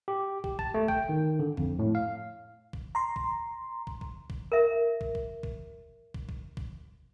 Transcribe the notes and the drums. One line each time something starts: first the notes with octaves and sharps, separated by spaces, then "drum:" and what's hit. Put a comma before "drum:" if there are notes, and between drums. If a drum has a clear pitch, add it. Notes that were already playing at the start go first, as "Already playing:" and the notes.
G4
G4, drum: kick
A5, drum: kick
A3
G5, drum: kick
D#3
D3
F2, drum: kick
A2
F5
drum: kick
A#5 C6
drum: kick
drum: kick
drum: kick
drum: kick
A#4 E5
drum: kick
drum: kick
drum: kick
drum: kick
drum: kick
drum: kick